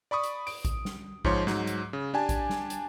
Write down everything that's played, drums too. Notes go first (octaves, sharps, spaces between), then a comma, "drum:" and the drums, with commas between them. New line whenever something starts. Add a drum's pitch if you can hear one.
D5 B5 C#6 D#6
drum: hi-hat
D7, drum: open hi-hat
drum: kick A1, hi-hat
drum: snare
G#2 F3 C#5 C6, drum: kick A1
G#2 F#3, drum: snare
drum: hi-hat
C#3
D4 G4 G#5 A5
drum: kick A1, hi-hat
drum: snare
drum: hi-hat